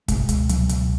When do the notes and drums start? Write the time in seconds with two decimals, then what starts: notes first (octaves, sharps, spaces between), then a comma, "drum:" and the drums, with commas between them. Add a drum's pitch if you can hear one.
0.08 B2 G#3, drum: kick, hi-hat
0.29 C#2, drum: hi-hat
0.49 B2 F#3, drum: hi-hat
0.69 C#2, drum: hi-hat